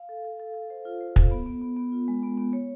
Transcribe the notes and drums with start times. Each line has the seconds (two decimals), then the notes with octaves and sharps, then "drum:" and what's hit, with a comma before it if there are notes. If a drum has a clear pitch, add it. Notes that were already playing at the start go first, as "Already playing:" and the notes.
Already playing: F5
0.09 A4
0.25 A4
0.40 A4
0.54 A4
0.70 C5
0.85 F4
1.01 C5
1.16 A4, drum: kick
1.31 B3
1.46 B3
1.62 B3
1.77 B3
1.92 F4
2.08 G#3
2.23 B3
2.38 B3
2.53 C#5